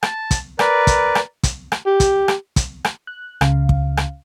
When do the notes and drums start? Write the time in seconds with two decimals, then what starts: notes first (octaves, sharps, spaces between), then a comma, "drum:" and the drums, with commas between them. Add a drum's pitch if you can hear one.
0.03 A5, drum: rim click
0.31 drum: kick, hi-hat
0.59 A#4 B4 D5, drum: rim click
0.87 drum: kick, hi-hat
1.15 drum: rim click
1.43 drum: kick, hi-hat
1.72 drum: rim click
1.86 G4
2.00 drum: kick, hi-hat
2.28 drum: rim click
2.56 drum: kick, hi-hat
2.85 drum: rim click
3.07 F#6
3.41 C#2 C#3 F5, drum: rim click
3.69 drum: kick
3.97 drum: rim click